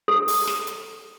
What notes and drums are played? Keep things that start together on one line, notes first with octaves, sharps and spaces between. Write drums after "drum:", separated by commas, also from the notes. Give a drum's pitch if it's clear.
A4
drum: open hi-hat
drum: snare
drum: hi-hat